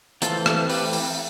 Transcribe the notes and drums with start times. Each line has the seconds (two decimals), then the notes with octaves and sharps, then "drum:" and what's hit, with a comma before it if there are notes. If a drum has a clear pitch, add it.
0.22 E3 A3 C4 F4 A4, drum: hi-hat
0.46 drum: rim click
0.69 G4 B4, drum: open hi-hat
0.93 drum: open hi-hat